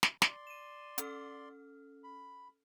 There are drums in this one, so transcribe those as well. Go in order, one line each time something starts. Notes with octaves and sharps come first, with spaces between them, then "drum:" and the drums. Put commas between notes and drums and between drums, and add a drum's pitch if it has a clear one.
drum: snare
D5 C6, drum: snare
D#7 E7
C#4 A4 F6, drum: hi-hat
B5